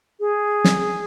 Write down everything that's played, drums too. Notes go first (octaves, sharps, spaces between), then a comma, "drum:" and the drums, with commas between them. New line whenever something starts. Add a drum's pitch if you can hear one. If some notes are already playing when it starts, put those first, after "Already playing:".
G#4
drum: snare